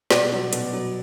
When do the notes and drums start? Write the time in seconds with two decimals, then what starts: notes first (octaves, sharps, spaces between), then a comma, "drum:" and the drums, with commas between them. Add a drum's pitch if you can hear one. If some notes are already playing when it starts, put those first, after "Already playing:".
0.10 B2 D5, drum: snare
0.32 F#3
0.53 B2, drum: hi-hat
0.73 F#3